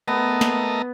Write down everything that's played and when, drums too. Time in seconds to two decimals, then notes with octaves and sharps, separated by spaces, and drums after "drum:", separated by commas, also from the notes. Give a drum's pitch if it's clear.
0.08 A3 B3 A#4 D#5
0.41 drum: snare